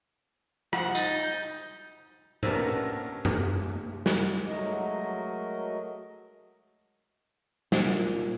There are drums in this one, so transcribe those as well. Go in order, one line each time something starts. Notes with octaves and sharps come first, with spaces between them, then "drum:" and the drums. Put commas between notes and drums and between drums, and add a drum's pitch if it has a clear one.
F3 F#5, drum: rim click
D#4 A6, drum: tambourine
G6
A2 B3 C#4 D4 G4 A#4 C5, drum: tom A2
drum: tom F#2
drum: snare
F#3 G#3 A3 F#4 A#4 D#5
A#2, drum: snare